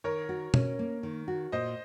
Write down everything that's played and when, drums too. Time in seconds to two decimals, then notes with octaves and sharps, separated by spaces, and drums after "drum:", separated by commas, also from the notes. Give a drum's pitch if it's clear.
0.04 D#3 A#4 C#5
0.29 F#4
0.54 C#4, drum: tom
0.79 A#3
1.03 D#3
1.28 F#4
1.52 A#2 C5 D#5